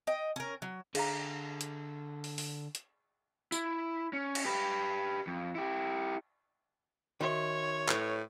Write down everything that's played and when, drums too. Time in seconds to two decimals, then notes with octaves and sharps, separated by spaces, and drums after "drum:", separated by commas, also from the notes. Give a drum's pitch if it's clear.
0.07 D#5 G5
0.36 C#4 A#4
0.62 F#3
0.95 D3 G#4 F5 A#5, drum: cymbal
1.61 drum: hi-hat
2.24 drum: open hi-hat
2.38 drum: open hi-hat
2.75 drum: hi-hat
3.52 E4, drum: tambourine
4.13 C#4
4.35 drum: cymbal
4.45 G4 B4
5.27 F2
5.55 E4 G4
7.21 D#3 F#4 C#5 E5 C6
7.89 A2 B4, drum: clap